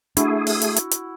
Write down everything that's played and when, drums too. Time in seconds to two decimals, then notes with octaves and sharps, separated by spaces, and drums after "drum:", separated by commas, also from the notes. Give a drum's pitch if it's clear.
0.17 A3 D4 E4 F#4 G#4, drum: hi-hat
0.47 drum: open hi-hat
0.62 drum: hi-hat
0.76 drum: hi-hat
0.91 drum: hi-hat